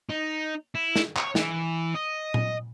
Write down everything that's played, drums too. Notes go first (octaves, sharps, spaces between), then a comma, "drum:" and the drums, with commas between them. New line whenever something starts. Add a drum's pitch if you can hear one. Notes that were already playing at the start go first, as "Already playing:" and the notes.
D#4
E4
drum: snare
C#5, drum: clap
E3, drum: snare
D#5
drum: tom A#2